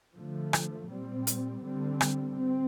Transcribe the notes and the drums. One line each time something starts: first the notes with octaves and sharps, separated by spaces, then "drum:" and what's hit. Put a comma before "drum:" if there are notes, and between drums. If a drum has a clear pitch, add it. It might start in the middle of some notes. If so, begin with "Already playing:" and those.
D3 F3 A3
drum: rim click
A#2 G3 C4
drum: hi-hat
D3 G3 C4
drum: rim click
C4